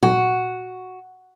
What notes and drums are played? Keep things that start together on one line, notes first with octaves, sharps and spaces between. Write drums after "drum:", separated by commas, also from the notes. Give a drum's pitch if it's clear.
F#4, drum: tom